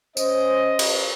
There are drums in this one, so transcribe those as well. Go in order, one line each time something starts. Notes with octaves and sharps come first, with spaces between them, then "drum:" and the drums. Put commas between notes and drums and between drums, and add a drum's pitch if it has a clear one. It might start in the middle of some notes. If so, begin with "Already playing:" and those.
C#4 C5 D#5, drum: tambourine
drum: cymbal